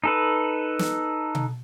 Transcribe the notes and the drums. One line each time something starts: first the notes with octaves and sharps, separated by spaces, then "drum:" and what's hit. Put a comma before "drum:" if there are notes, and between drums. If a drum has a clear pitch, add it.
D#4 A4 B4
drum: snare
drum: tom B2